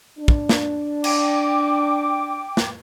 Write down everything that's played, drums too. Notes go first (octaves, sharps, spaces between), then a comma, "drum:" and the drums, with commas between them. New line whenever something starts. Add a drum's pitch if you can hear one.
D4
drum: kick
drum: snare
G5 D6, drum: cymbal
drum: snare